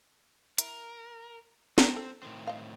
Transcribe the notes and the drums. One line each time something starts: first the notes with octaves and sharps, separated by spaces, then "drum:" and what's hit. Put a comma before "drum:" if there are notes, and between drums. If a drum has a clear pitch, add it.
E4 A#4, drum: hi-hat
D#3 C4 D4 A#5, drum: snare
A4
A2 D#3 C4
D#5 F5